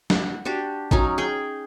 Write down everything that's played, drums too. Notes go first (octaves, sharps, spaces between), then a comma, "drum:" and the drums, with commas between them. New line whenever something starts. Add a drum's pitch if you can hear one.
F#5, drum: snare
D4 F#4 G4
F#3 C#4 D#4, drum: kick G#1
G#4 G5